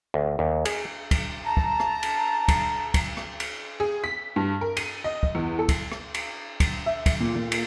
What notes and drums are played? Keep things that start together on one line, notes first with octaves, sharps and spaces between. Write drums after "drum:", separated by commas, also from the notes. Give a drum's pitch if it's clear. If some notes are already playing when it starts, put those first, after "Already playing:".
D2
D#2
G#4, drum: cymbal
drum: kick, cymbal
A5 A#5
drum: kick
drum: rim click
drum: cymbal
drum: kick, cymbal
drum: kick, cymbal
drum: rim click
drum: cymbal
G#4
B6
G2
A#4
D#7, drum: cymbal
D#5
drum: kick
E2
A4
drum: kick, cymbal
drum: rim click
drum: cymbal
drum: kick, cymbal
E5
drum: kick, cymbal
A#2
A#2
drum: cymbal